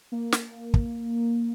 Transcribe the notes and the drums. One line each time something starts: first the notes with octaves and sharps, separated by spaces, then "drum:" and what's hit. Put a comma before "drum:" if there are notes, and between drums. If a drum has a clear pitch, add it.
A#3
drum: snare
drum: kick